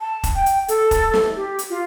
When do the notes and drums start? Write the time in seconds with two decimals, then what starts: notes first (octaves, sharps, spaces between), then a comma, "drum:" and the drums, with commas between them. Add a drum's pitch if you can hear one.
0.01 A5
0.24 drum: kick, hi-hat
0.35 G5
0.46 drum: hi-hat
0.68 A4, drum: hi-hat
0.91 drum: kick, hi-hat
1.14 drum: snare
1.36 G4
1.59 drum: hi-hat
1.70 F4